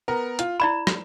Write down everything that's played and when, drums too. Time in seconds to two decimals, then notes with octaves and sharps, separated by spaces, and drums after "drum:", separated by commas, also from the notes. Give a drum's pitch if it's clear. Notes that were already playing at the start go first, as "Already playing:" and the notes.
0.08 B3 A#4
0.39 F4, drum: hi-hat
0.60 E4 D5 B5 E7
0.87 drum: rim click